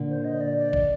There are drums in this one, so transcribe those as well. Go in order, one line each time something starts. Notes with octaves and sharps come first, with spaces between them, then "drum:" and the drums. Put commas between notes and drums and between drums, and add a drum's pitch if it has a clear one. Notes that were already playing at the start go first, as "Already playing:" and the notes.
Already playing: A#2 D3
C5
D#5
D5
D5
drum: kick